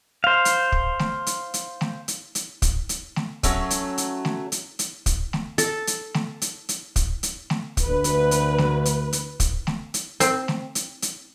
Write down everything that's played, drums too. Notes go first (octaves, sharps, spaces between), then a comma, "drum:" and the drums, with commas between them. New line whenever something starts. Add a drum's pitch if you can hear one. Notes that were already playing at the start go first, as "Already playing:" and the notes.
C5 F5
drum: hi-hat
drum: kick
drum: snare A3
drum: hi-hat
drum: hi-hat
drum: snare A3
drum: hi-hat
drum: hi-hat
drum: kick, hi-hat
drum: hi-hat
drum: snare A3
F#3 A3 C#4 A4, drum: kick, hi-hat
drum: hi-hat
drum: hi-hat
drum: snare A3
drum: hi-hat
drum: hi-hat
drum: kick, hi-hat
drum: snare A3
A4, drum: hi-hat
drum: hi-hat
drum: snare A3
drum: hi-hat
drum: hi-hat
drum: kick, hi-hat
drum: hi-hat
drum: snare A3
drum: kick, hi-hat
D2 B4
drum: hi-hat
drum: hi-hat
drum: snare A3
drum: hi-hat
drum: hi-hat
drum: kick, hi-hat
drum: snare A3
drum: hi-hat
C4, drum: hi-hat
drum: snare A3
drum: hi-hat
drum: hi-hat